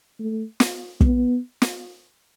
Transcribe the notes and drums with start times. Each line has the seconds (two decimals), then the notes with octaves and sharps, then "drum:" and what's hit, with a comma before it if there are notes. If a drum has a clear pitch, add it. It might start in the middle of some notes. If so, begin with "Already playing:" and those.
0.19 A3
0.60 drum: snare
1.01 B3, drum: kick
1.62 drum: snare